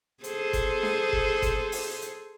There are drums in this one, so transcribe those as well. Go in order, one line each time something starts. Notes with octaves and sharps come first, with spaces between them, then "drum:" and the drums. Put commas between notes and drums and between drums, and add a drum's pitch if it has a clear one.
G#4 A4 C5, drum: hi-hat
drum: kick F#1, hi-hat
drum: snare D4
drum: kick F#1
drum: kick F#1, hi-hat
drum: open hi-hat
drum: hi-hat